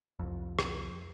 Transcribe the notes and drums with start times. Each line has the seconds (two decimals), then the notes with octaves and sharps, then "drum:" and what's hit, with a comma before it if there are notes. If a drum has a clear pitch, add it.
0.19 C2 F2
0.59 drum: rim click